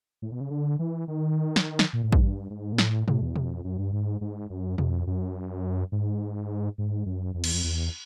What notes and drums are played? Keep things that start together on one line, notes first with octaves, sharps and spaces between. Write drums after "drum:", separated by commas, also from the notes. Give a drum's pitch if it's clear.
A2
B2
C#3
D3
E3
D#3
drum: snare
drum: snare
A#2
A2
G#2, drum: kick
G2
G#2
A#2
A2, drum: snare
A2, drum: tom B2
E2
F2, drum: tom B2
F#2
G2
G#2
G#2
F#2
F2, drum: tom B2
F#2
G#2
G#2
F#2
F2
E2, drum: cymbal
F2
E2